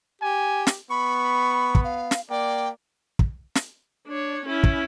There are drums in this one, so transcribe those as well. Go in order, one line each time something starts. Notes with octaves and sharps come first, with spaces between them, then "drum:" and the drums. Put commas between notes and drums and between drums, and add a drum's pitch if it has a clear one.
G4 G#5
drum: snare
B3 B5 C#6
drum: kick
F5
drum: snare
A#3 D5 G5
drum: kick
drum: snare
D4 C#5
C#4 E4
drum: kick